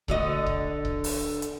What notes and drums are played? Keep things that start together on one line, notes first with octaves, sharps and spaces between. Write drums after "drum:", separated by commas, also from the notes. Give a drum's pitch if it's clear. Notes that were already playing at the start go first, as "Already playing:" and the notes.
D3 F#4 D#5, drum: kick C#1
drum: kick C#1
drum: kick C#1
drum: open hi-hat
drum: hi-hat